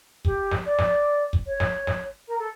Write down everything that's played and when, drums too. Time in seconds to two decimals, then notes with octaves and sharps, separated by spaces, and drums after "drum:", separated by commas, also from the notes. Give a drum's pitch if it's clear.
0.25 G4, drum: kick
0.52 drum: snare
0.66 D5
0.79 drum: snare
1.33 drum: kick
1.46 C#5
1.60 drum: snare
1.87 drum: snare
2.28 A#4
2.39 A4